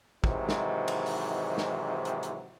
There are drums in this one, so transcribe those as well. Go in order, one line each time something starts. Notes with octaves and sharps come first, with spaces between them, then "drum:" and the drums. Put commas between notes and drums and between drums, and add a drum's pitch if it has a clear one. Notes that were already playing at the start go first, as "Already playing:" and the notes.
G#2 C3 D#3 E3 F#3, drum: kick
drum: snare
drum: cymbal
drum: open hi-hat
drum: snare
drum: hi-hat
drum: hi-hat